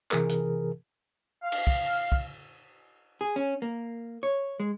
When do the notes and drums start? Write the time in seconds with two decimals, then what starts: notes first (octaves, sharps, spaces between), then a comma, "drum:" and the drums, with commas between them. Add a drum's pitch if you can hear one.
0.11 C3 E3 G#4 A#4, drum: clap
0.29 drum: hi-hat
1.43 F5
1.52 drum: cymbal
1.67 drum: kick
2.12 drum: kick
3.21 G#4
3.36 C#4
3.62 A#3
4.23 C#5
4.60 G#3